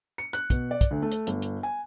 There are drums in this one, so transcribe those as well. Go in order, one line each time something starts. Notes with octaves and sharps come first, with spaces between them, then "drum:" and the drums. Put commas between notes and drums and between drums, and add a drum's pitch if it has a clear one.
C#7
F#6, drum: hi-hat
B2, drum: kick, hi-hat
D5
drum: kick, hi-hat
D2
A3
drum: hi-hat
G1, drum: hi-hat
drum: hi-hat
G#5